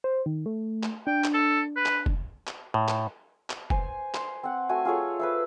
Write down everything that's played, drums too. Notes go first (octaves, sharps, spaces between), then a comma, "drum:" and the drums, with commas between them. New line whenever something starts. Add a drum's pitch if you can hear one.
C5
D#3
A3
drum: clap
D4 G5
drum: clap
A4
B4
drum: clap
drum: kick
drum: clap
A2
drum: clap
drum: clap
C5 G#5, drum: kick
C6, drum: clap
C4 F#5
A3 F#4 G#5
F4 G#4 A4 C#5
B4 C5 E5